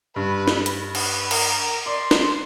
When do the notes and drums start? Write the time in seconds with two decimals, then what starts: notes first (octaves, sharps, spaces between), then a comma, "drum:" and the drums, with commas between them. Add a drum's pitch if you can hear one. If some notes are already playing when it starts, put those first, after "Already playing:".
0.16 G2 B4
0.48 drum: snare
0.66 drum: hi-hat
0.95 B4, drum: cymbal
1.31 A#4, drum: cymbal
1.86 D5 C6
2.11 drum: snare